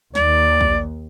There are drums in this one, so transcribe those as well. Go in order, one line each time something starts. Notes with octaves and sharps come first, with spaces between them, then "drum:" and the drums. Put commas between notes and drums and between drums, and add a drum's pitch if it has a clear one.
D#2 D5, drum: snare
drum: kick A#1